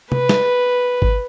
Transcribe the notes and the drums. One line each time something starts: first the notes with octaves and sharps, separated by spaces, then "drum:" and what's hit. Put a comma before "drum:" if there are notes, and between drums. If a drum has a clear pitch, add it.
B4, drum: tom
drum: snare
drum: kick G#1